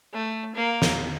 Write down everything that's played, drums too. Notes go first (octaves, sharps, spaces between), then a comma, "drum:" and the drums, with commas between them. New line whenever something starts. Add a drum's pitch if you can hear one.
A3
A#3
drum: snare